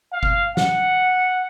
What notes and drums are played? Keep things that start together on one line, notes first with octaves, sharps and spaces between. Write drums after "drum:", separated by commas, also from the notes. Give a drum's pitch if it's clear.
F5
drum: kick G1
F#5, drum: snare